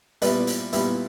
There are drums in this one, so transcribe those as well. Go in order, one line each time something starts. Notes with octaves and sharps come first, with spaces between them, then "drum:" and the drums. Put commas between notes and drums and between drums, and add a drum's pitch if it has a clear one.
A#2 G3 B3 E4 B4 D5, drum: hi-hat
drum: hi-hat
A#2 G3 B3 E4, drum: hi-hat